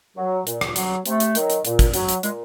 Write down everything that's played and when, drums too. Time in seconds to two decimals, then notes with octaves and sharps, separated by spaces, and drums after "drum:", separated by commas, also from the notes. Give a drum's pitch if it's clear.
0.17 F#3
0.47 A#2, drum: hi-hat
0.61 drum: rim click
0.76 F#3, drum: hi-hat
1.06 C3 A3, drum: hi-hat
1.20 drum: hi-hat
1.35 D#3 F#3, drum: hi-hat
1.50 drum: hi-hat
1.65 A#2, drum: hi-hat
1.79 drum: kick, hi-hat
1.94 F#3, drum: hi-hat
2.09 drum: hi-hat
2.23 A#2 G#3, drum: hi-hat